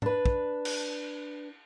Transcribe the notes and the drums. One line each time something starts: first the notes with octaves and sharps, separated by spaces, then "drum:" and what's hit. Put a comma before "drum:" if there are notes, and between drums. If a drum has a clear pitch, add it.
D4 B4, drum: tom G#2
drum: kick
drum: cymbal